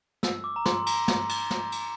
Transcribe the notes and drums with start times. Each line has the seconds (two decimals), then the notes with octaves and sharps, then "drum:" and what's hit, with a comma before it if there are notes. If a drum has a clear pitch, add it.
0.23 E6, drum: snare
0.44 D6
0.56 A#5
0.66 C6, drum: snare
0.86 A#5, drum: cymbal
1.08 drum: snare
1.29 drum: cymbal
1.51 drum: snare
1.72 drum: cymbal